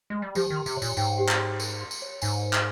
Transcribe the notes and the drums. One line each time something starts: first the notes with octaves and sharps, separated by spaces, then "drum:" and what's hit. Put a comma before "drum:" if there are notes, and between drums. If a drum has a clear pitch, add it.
G#3
G3
F3 G4, drum: tambourine
D#3
C6
C3, drum: tambourine
C#5
A#2, drum: tambourine
G#2 G5, drum: tambourine
G4
drum: clap
C6
A#4, drum: tambourine
C6
drum: tambourine
C#5
G#2 G#5, drum: tambourine
A#4
drum: clap